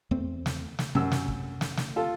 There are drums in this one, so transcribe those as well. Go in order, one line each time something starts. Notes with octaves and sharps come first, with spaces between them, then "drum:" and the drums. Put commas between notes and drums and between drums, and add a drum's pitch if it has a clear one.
E2 A3 C4
drum: snare
drum: snare
F#2 C3 E6
drum: snare
drum: kick
drum: snare
drum: snare
F4 A4